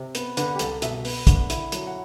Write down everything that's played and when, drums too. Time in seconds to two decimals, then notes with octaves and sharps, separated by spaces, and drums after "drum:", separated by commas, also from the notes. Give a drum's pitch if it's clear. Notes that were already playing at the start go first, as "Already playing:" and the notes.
Already playing: C3
0.15 B3, drum: hi-hat
0.37 D3 B4, drum: hi-hat
0.55 G4
0.59 C2 A4, drum: hi-hat
0.82 B2 E5, drum: hi-hat
1.05 B3, drum: open hi-hat
1.27 D3, drum: kick, hi-hat
1.50 E4, drum: hi-hat
1.72 F#3, drum: hi-hat
1.87 F#5